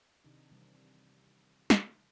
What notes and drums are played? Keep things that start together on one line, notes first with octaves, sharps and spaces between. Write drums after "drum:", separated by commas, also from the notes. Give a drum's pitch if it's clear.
C3 D#3 D4 D#4
C3 E3 G3 C4
drum: snare